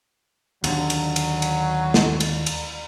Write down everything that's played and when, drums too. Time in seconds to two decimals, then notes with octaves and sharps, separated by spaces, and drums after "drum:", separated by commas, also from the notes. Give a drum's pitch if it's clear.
0.64 D#2 D3 F#3, drum: cymbal
0.90 drum: cymbal
1.16 drum: cymbal
1.42 drum: cymbal
1.94 drum: snare
2.20 drum: cymbal
2.46 drum: cymbal